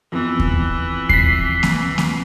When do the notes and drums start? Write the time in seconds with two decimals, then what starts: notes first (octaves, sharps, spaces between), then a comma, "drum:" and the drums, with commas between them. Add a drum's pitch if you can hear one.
0.12 F2 E3 B3
0.39 drum: kick D#2
1.09 B6 C7, drum: kick D#2
1.63 drum: snare A#3
1.98 drum: snare A#3